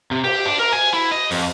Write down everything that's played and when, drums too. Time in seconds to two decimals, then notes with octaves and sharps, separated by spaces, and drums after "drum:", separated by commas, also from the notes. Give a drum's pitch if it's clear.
0.11 C3
0.24 G4, drum: cymbal
0.46 D4
0.59 A#4
0.72 G#5
0.93 E4
1.12 D#5
1.31 F2, drum: open hi-hat